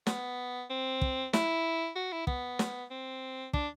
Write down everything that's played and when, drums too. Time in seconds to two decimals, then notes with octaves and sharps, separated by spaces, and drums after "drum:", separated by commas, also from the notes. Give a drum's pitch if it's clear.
0.07 B3, drum: snare
0.70 C4
1.01 drum: kick
1.33 E4, drum: snare
1.96 F#4
2.12 E4
2.27 B3, drum: kick
2.59 drum: snare
2.90 C4
3.53 D4, drum: kick